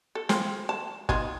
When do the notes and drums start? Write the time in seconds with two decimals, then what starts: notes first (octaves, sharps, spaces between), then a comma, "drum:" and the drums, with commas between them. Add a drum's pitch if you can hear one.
0.15 A4
0.29 C4 F4 G#4, drum: snare
0.69 A5
1.09 D#3 F4 G#4, drum: kick